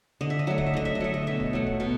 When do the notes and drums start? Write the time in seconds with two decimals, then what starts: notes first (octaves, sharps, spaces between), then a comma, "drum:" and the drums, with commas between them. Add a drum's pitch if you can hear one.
0.21 D3 D#5
0.30 E5
0.39 D#5
0.47 F#3 A3 E5
0.58 D#5, drum: kick
0.66 E5
0.74 D3 D#5
0.85 E5, drum: kick
0.95 D#5
1.00 F#3 A3 E5
1.14 D#5
1.27 B2 E5
1.40 drum: kick
1.53 F#3 A3
1.66 drum: kick
1.80 B2